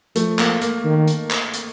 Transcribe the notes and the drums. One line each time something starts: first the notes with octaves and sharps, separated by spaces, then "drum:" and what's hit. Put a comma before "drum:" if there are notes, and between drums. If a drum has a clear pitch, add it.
F3 A3, drum: hi-hat
A#3, drum: clap
A#3, drum: hi-hat
D#3
drum: hi-hat
drum: clap
drum: hi-hat